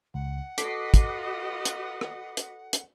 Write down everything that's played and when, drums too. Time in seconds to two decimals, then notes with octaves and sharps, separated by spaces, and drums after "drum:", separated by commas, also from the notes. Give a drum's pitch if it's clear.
0.14 C#2 F#5
0.58 F#4 A4 B4 D#5 D6 B6 C7, drum: hi-hat
0.94 drum: kick, hi-hat
1.65 drum: hi-hat
2.01 drum: rim click
2.37 drum: hi-hat
2.73 drum: hi-hat